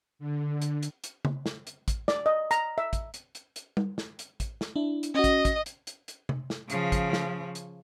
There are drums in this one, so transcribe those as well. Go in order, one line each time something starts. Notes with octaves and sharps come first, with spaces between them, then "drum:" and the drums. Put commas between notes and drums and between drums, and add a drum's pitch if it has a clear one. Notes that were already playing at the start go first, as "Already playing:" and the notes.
D3
drum: hi-hat
drum: hi-hat
drum: hi-hat
drum: tom C#3
drum: snare
drum: hi-hat
drum: kick, hi-hat
D5, drum: snare
D#5
A#5, drum: hi-hat
E5
drum: kick, hi-hat
drum: hi-hat
drum: hi-hat
drum: hi-hat
drum: tom G3
drum: snare
drum: hi-hat
drum: kick, hi-hat
drum: snare
D4 E4
drum: hi-hat
C#4 F#4 D#5
drum: kick, hi-hat
drum: kick, hi-hat
drum: hi-hat
drum: hi-hat
drum: hi-hat
drum: tom C3
drum: snare
C#3 F3, drum: hi-hat
drum: kick, hi-hat
drum: snare
drum: hi-hat